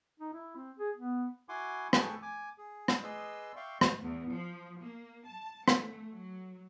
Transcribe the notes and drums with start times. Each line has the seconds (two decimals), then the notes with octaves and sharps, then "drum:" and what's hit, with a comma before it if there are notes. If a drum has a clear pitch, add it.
0.20 D#4
0.33 E4
0.56 C4
0.79 G#4
0.96 B3
1.49 E4 F#4 F#5 G#5 C6 D6
1.93 G#4 A4 B4 G5 A5 C#6, drum: rim click
2.22 G#5 D6
2.58 G#4
2.88 drum: rim click
3.03 G#4 B4 D5 D#5 C6 E6
3.56 D5 E5 F5 G5 C6 C#6
3.81 drum: rim click
4.03 E2
4.33 F3
4.81 A#3
5.26 A5
5.68 A3, drum: rim click
6.13 F#3